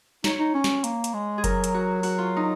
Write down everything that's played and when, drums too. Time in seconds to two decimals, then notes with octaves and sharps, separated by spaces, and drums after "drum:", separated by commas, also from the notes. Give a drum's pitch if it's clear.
0.24 D#4 C#5, drum: snare
0.39 D#4
0.54 C#4
0.64 drum: snare
0.84 A#3, drum: hi-hat
1.04 drum: hi-hat
1.14 G#3
1.38 G#4
1.44 F#3 A#4, drum: kick F#1, hi-hat
1.64 drum: hi-hat
1.74 F#4
2.03 F#4, drum: open hi-hat
2.18 F4
2.36 D#4